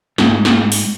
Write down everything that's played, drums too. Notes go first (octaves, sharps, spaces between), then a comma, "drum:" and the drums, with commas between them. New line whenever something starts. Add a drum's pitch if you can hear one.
G#2, drum: snare
drum: snare
drum: open hi-hat